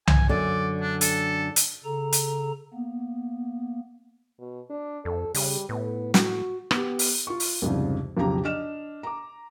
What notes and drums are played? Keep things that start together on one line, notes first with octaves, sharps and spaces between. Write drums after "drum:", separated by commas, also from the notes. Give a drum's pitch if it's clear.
G#5, drum: tom C2
F#2 D3 D5
D4
A4, drum: hi-hat
drum: hi-hat
C#3 A4 A#5
drum: hi-hat
A#3 B3
B2
D4
F2 A4
C#3 G3, drum: open hi-hat
A2 B3
F#4, drum: snare
B3 G4, drum: rim click
drum: open hi-hat
F4 C#6
drum: open hi-hat
C2 F2 G#2 C#3
B1 F2 C#3 G4 A#5
D4 D#5 F6 E7
A#5 D6